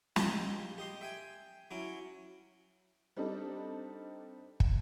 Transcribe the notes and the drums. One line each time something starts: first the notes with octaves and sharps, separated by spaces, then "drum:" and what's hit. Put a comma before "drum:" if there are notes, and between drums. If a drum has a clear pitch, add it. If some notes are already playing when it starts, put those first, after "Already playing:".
A#1 F4 G4 D#5, drum: snare
G4 D#5 C6
E5 G5 G#5
F#3 C#4 E4 D6
G3 C4 D4 D#4 A4
drum: kick